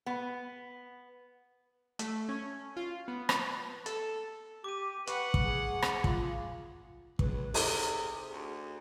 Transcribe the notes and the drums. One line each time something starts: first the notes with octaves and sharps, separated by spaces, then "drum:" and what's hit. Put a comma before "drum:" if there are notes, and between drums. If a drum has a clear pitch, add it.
B3
A3, drum: hi-hat
C#4
F4
B3
drum: rim click
A4, drum: hi-hat
G4 D6 D#7
B4 F#5 C#6, drum: hi-hat
drum: kick
G#4
drum: rim click
F4, drum: kick
C#2 B4, drum: kick
C3 D#4 G#4 A4, drum: open hi-hat
D2